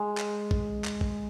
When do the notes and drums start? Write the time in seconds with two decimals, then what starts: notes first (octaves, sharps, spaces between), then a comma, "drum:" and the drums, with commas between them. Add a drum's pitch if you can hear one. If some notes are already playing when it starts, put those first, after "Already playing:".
Already playing: G#3
0.18 drum: clap
0.51 drum: kick
0.84 drum: clap
1.01 drum: kick